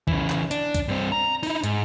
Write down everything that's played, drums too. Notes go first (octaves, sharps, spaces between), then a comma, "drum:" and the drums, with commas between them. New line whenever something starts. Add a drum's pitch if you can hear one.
C#3 E3, drum: kick
drum: clap
D4, drum: hi-hat
drum: kick, hi-hat
G2 C4
A#5
D#4 E4, drum: open hi-hat
G#2, drum: hi-hat